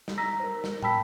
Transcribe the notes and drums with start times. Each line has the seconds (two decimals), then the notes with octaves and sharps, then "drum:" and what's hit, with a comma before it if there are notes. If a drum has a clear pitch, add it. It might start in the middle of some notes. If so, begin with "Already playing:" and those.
0.08 drum: snare
0.18 A#5 E6 A#6 B6
0.40 A#4 C5
0.64 drum: snare
0.82 G5 A5 B5 E6 B6, drum: tom